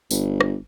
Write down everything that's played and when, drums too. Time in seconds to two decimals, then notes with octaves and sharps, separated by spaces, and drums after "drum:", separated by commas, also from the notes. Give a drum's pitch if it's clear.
0.11 G1, drum: tambourine
0.41 drum: rim click